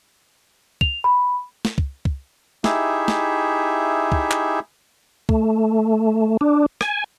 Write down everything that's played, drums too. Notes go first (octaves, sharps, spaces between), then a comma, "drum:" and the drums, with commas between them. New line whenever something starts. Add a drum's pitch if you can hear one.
F7, drum: kick
B5
drum: snare
drum: kick
drum: kick
D#4 E4 G4 G#4 E5, drum: snare
drum: snare
drum: kick
drum: clap
A3, drum: kick
D4
G#5, drum: rim click